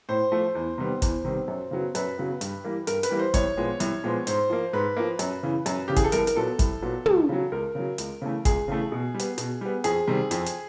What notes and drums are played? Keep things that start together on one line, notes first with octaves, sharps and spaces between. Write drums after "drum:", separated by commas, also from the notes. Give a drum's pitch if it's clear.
A2 C5
F3 A3
E2
C3 D#3 G3 B3
E2, drum: kick G#1, hi-hat
C3 D#3 G3 B3
F#2
C#3 F#3 B3
F#2 B4, drum: hi-hat
C#3 F#3 B3
G2, drum: hi-hat
E3 G3 A#3
G2 A#4, drum: hi-hat
B4, drum: hi-hat
E3 G3 A#3
C5
C2 C#5, drum: kick G#1, hi-hat
A#2 F3 G#3 B3
C2, drum: hi-hat
A#2 F3 G#3 B3
G#2 C5, drum: hi-hat
F3 A#3
G#2 B4
F3 A#3
F#2, drum: hi-hat
C#3 E3
F#2, drum: hi-hat
C#3 E3 G4
G#4, drum: kick G#1, hi-hat
A4
C2 A#4, drum: hi-hat
A#4, drum: hi-hat
A#2 F#3 B3 A4
C2, drum: kick G#1, hi-hat
A#2 F#3 B3
C#2, drum: tom
C#3 F#3
C#2 A#4
C#3 F#3
C#2, drum: hi-hat
C#3 E3 A3
C#2 G#4, drum: kick G#1, hi-hat
C#3 E3 A3
B2
G3
B3, drum: hi-hat
B2, drum: hi-hat
G3 B3
F2 G#4, drum: hi-hat
C3 D#3 G3
F2, drum: hi-hat
drum: hi-hat